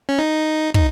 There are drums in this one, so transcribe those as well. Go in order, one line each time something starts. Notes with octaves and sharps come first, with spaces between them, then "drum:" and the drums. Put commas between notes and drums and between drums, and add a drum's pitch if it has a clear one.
C#4
D#4
D#4, drum: kick